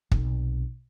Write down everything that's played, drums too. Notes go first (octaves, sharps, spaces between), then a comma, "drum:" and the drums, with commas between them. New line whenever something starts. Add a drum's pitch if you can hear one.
B1 C3, drum: kick